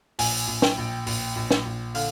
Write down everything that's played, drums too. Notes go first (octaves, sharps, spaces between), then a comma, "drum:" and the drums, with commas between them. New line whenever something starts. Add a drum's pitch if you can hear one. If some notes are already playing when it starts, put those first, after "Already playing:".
A#1 G#5, drum: open hi-hat
A#1
G5, drum: snare
A#1
A#1, drum: open hi-hat
A#1
drum: snare
A#1
D3 F5, drum: open hi-hat